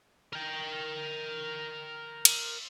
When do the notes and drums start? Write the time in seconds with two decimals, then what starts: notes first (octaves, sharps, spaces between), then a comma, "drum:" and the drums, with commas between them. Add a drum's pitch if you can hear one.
0.33 A#4 G5
2.25 drum: cymbal